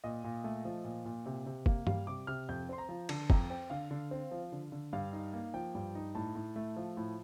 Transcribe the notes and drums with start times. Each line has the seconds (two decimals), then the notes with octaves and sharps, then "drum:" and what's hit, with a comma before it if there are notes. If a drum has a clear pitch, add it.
0.04 A#2 D#5
0.24 A#2
0.44 A3
0.65 F3
0.84 A#2
1.05 A#2
1.26 C3
1.46 C3
1.66 A#3, drum: kick
1.87 G3 F5, drum: tom G2
2.07 C3 D6
2.27 C3 F6
2.49 F2 G6
2.69 C4 C6
2.78 A#5
2.89 F3
3.09 D3 A5, drum: cymbal
3.30 F2 A#5, drum: kick
3.50 C4 G5
3.70 D3 F5
3.91 D3
4.11 C4
4.31 F3
4.52 D3
4.72 D3
4.93 G2 F5
5.13 D#4
5.33 A#3
5.54 F3 G5
5.75 G2
5.95 D#4
6.15 A2 A5
6.35 A2
6.56 A3
6.76 F3
6.97 A2